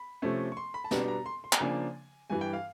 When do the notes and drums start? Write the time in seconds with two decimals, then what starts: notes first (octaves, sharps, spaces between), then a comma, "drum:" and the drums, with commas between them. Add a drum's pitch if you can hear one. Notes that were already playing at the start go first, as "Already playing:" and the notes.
Already playing: B5
0.22 C3 F3 A3 C#4
0.52 C#6
0.57 C6
0.74 B5
0.84 A5
0.91 B2 G3 B3 D4 A#5, drum: snare
1.08 A#5
1.26 C6
1.44 C6
1.53 A#5, drum: clap
1.60 C#3 F3 A#3 D4 G#5
2.30 G2 E3 G3 G#5
2.41 G5
2.53 F5